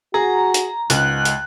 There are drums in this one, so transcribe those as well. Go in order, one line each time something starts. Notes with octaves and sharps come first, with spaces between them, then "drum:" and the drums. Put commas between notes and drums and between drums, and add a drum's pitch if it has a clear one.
F#4 G#4 A#5
drum: hi-hat
C#2 G#2 F#6, drum: hi-hat
drum: hi-hat